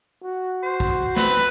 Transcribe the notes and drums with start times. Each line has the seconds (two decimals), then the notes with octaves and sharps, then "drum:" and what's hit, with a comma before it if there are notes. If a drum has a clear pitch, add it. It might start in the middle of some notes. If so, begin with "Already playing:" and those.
0.23 F#4
0.63 C5
0.80 drum: kick
1.16 C4 B4, drum: snare